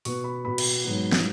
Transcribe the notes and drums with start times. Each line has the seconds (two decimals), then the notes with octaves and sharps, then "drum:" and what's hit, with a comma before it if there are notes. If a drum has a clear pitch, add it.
0.05 B2 B3 C#6, drum: open hi-hat
0.24 B5
0.44 B2 B3 B5
0.58 drum: cymbal
0.84 G#2 F#3 B3
1.12 drum: snare